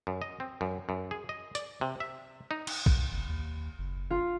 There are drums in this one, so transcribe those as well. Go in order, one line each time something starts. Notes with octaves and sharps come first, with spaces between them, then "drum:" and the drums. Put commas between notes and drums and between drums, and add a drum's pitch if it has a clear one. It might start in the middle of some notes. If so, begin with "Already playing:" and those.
F#2
D#5
C4
F#2
F#2
G#4
D#5
D5, drum: hi-hat
C3
E5
D#4
drum: cymbal
drum: kick
F#1
D#2
F#1
F4